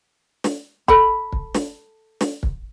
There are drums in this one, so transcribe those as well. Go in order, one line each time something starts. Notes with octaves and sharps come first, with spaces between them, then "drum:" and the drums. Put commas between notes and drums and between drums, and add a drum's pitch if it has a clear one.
drum: snare
A4 B5, drum: kick
drum: kick
drum: snare
drum: snare
drum: kick